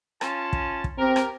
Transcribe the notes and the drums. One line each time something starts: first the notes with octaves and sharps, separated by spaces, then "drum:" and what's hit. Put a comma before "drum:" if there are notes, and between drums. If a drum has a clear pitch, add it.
C#4 F4 A5, drum: rim click
drum: kick
drum: kick
C4 G4 A#4
drum: rim click